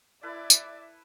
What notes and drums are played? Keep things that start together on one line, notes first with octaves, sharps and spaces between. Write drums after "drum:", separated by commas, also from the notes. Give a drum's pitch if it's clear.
E4 A4 B4 D5 E5
drum: tambourine